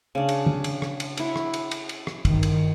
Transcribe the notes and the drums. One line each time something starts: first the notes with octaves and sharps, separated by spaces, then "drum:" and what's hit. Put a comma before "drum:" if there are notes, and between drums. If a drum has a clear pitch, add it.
C#3 D4
drum: cymbal
drum: tom
drum: cymbal
drum: rim click
drum: cymbal
E4 F#5, drum: cymbal
drum: rim click
drum: cymbal
drum: cymbal
drum: cymbal
drum: rim click
G2 D#3, drum: kick, cymbal
drum: cymbal